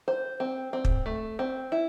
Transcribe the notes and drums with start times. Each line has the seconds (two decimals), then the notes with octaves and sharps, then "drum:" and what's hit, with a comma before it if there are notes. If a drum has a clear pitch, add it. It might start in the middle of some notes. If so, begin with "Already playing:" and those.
0.08 C5
0.40 C4
0.73 C4
0.85 drum: kick
1.06 A3
1.39 C4
1.72 E4